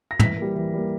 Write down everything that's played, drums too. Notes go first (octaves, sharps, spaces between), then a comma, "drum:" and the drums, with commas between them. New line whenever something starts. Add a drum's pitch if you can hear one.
A#6
E3 B6, drum: tom
G3 A#3
E3
G3 A#3